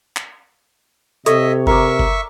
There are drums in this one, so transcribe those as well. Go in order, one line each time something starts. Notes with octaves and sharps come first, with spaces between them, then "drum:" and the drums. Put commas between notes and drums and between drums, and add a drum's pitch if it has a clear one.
drum: clap
C3 A4 C#5 D#5 E5, drum: hi-hat
A#4 D5 E5 C#6, drum: kick F#1
drum: kick F#1